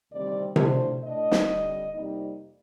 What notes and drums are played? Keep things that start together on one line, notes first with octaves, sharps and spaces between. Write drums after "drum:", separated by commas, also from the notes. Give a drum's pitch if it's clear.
D2 C3 D#3 G3 C4 D5
A2 F3 A3 D4 C5, drum: tom C3
A2 A3 D4 D#5
drum: snare
F2 D3 G3
F2 C3 G3 A#3 D#4